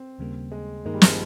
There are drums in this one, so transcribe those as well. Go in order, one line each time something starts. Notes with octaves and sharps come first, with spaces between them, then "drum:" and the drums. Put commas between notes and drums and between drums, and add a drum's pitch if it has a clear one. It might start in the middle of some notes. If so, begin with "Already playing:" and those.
Already playing: C4
D#2 C#3 G3 A#3
G#3
G2 D#3 G#3 A#3 D#4 A#4
G3
F3, drum: snare